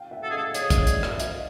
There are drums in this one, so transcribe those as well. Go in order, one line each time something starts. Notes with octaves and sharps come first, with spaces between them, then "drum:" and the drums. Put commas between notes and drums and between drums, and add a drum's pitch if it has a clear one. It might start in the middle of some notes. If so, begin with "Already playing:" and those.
Already playing: F5 G5
E5 F#5
A4
G#4
A4 D#5 F5
G#4 C#5 D#5, drum: hi-hat
C#5 D#5, drum: kick, hi-hat
D5 E5, drum: hi-hat
D5 E5, drum: rim click
D#5 F5, drum: hi-hat